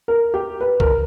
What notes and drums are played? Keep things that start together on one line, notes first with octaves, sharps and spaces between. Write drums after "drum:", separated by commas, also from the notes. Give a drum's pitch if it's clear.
A#4
G4
B4
A#4, drum: kick